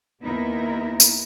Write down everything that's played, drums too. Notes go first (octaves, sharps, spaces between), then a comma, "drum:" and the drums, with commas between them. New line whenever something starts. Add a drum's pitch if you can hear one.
D#2 B3 D#4 E4 A#4
drum: tambourine